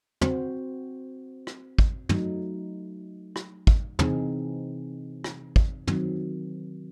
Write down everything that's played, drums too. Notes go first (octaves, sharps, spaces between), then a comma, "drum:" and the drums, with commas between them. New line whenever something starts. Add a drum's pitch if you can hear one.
C4 F#4 C5, drum: tom
drum: rim click
drum: kick
F#3 A3 D#4, drum: tom
drum: rim click
drum: kick
C3 E3 C4 D#4 G#4, drum: tom
drum: rim click
drum: kick
D#3 F#3 C4, drum: tom